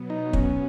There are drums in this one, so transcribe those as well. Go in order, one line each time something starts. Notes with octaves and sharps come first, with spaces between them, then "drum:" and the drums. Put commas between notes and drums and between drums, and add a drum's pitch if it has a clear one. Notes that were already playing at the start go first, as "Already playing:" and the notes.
Already playing: B2 F#3 B3
D#4
C#4, drum: kick